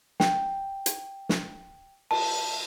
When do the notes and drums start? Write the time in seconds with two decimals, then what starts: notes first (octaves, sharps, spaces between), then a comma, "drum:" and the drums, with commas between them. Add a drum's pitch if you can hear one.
0.20 G5, drum: snare
0.86 drum: hi-hat
1.29 drum: snare
2.11 A5, drum: cymbal